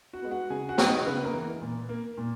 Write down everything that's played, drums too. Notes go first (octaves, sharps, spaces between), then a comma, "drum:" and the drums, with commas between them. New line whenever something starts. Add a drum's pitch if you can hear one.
F#4 F#5
G#3 B3
F#4 F#5
C#3 G#4 G#5
F#4 F#5
F#3 B3, drum: snare
D#4 D#5
C#3 B3 B4
A#3 A#4
E3 A#3
A#2
A#3
A#2